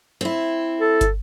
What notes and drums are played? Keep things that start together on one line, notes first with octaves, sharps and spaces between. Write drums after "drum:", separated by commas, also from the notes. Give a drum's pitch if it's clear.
C4 E4
A4
drum: kick, hi-hat